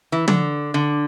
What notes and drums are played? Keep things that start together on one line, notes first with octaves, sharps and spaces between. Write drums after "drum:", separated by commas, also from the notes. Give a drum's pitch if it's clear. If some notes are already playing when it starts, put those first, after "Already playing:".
E3
D3, drum: tom
D3